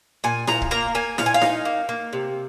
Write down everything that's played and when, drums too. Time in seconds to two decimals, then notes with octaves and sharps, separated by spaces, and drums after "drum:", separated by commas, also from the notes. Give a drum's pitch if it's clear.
0.24 A#2 G#5
0.47 A#2 A#5, drum: snare E4
0.62 drum: kick
0.71 A#3 A#5
0.95 A#3 G#5
1.18 A#2 F5, drum: snare E4
1.26 G#5
1.34 F5
1.42 D#4, drum: snare E4
1.65 A#3
1.89 A#3
2.13 C3